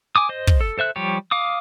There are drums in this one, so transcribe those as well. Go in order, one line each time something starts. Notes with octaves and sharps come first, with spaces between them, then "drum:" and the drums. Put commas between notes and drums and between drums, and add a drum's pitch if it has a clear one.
G#5 D6 D#6
C5 D#5
drum: kick
A4
A4 C5 E5 F#6
F3 G3 G4 C#5
F5 D6 D#6